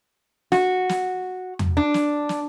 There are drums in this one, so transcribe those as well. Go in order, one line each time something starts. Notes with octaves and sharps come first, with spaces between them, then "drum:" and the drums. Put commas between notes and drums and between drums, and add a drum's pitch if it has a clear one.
F#4, drum: snare
drum: snare
drum: tom E2
D4
drum: snare
drum: snare